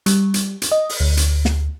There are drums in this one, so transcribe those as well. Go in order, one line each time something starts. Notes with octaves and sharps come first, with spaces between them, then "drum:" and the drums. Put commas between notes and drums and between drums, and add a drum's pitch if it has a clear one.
G3, drum: hi-hat
drum: hi-hat
drum: hi-hat
D#5
drum: open hi-hat
D2
drum: hi-hat
drum: snare